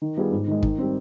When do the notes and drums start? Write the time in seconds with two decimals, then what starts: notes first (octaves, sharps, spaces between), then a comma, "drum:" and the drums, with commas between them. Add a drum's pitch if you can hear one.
0.02 D#3
0.17 G3 B3 F4 G#4
0.32 G#2
0.47 D#3 G#3
0.63 D#3, drum: kick
0.78 G3 C4